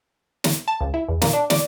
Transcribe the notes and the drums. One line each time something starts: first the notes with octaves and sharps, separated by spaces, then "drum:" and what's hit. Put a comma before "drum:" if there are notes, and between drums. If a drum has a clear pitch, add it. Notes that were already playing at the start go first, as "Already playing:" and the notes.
drum: snare
A5
C#2
E4
E2
A#2, drum: snare
D4
D5, drum: snare